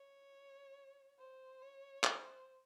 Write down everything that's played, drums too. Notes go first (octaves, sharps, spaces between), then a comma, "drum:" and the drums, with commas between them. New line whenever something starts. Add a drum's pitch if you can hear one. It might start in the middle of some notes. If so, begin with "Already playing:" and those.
Already playing: C#5
C5
C#5
C5, drum: clap